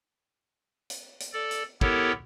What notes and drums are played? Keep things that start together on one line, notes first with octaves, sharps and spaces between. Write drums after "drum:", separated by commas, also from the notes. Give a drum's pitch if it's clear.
drum: hi-hat
drum: hi-hat
A4 D5
drum: hi-hat
B3 E4 G4 A4 A#4 C#5, drum: kick